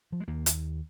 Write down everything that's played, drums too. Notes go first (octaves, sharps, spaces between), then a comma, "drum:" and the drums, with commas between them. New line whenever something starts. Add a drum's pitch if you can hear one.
F3
G#3
D#2 A#3
drum: hi-hat